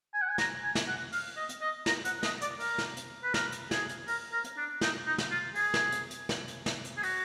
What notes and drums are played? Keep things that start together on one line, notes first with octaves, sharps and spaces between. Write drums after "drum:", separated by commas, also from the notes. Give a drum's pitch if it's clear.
G#5
F#5
G#5
A#5, drum: snare
G#5
drum: snare
F#5
F5, drum: open hi-hat
D#5
drum: hi-hat
D#5
A#5, drum: snare
F#5, drum: hi-hat
D#5, drum: snare
D5, drum: hi-hat
A#4, drum: open hi-hat
drum: snare
drum: hi-hat
B4
A#4, drum: snare
drum: hi-hat
G#4, drum: snare
drum: hi-hat
A#4, drum: open hi-hat
A#4
drum: hi-hat
D4
D#4, drum: snare
D#4
drum: snare
F4
G#4, drum: open hi-hat
drum: snare
drum: hi-hat
drum: hi-hat
drum: snare
drum: hi-hat
drum: snare
drum: hi-hat
G#4
F#4, drum: open hi-hat